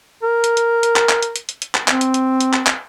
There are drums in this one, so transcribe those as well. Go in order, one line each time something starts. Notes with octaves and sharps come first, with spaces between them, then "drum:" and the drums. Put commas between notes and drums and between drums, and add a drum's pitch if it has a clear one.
A#4
drum: hi-hat
drum: hi-hat
drum: hi-hat
drum: clap
drum: clap
drum: hi-hat
drum: hi-hat
drum: hi-hat
drum: hi-hat
drum: clap
C4, drum: clap
drum: hi-hat
drum: hi-hat
drum: hi-hat
drum: clap
drum: clap